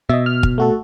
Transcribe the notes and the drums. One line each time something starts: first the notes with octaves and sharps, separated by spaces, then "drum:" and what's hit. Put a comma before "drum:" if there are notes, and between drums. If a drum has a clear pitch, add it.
B2 D#5 E5
F6
drum: kick
A3 F#4 A4